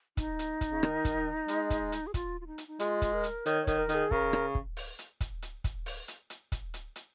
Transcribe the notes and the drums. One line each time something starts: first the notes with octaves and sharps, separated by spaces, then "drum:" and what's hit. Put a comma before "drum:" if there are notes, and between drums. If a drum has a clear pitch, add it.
D#4, drum: kick, hi-hat
drum: hi-hat
drum: kick, hi-hat
C#3
D#3, drum: rim click
drum: kick, hi-hat
G#3, drum: hi-hat
drum: kick, hi-hat
drum: hi-hat
G#4
F4, drum: kick, hi-hat
F4
D#4
drum: hi-hat
D#4
G#3 F4, drum: hi-hat
drum: kick, hi-hat
A#4
drum: hi-hat
D#3 C#5, drum: hi-hat
C#5
D#3, drum: kick, hi-hat
A#4
D#3, drum: hi-hat
G#4
C#3 A#4, drum: kick
drum: rim click
drum: kick
drum: open hi-hat
drum: hi-hat
drum: kick, hi-hat
drum: hi-hat
drum: kick, hi-hat
drum: open hi-hat
drum: hi-hat
drum: hi-hat
drum: kick, hi-hat
drum: hi-hat
drum: hi-hat